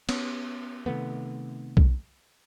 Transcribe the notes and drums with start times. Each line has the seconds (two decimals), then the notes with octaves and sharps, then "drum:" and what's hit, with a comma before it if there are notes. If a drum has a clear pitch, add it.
0.09 B3 C#4, drum: cymbal
0.86 C3 D#3 A3 B3
1.77 drum: kick B1